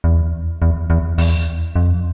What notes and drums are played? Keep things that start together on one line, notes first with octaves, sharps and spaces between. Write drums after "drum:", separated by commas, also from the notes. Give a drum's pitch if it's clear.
E2
E2
E2
E2, drum: open hi-hat
F2